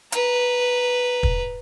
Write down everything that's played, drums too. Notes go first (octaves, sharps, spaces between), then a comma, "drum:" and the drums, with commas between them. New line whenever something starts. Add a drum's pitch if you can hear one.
B4 A#5, drum: hi-hat
drum: kick